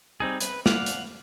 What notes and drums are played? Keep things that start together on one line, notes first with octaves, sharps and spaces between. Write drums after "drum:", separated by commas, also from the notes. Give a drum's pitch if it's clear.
G3 C4 D#4 G#4
B4, drum: hi-hat
D5 F5 F#5, drum: snare
drum: hi-hat